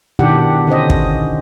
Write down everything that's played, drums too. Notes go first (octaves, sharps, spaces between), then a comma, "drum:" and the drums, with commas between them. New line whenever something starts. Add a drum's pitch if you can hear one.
B2 D#3 D4 E4 G4 F#5
D3 C#4 C5 D#5
drum: kick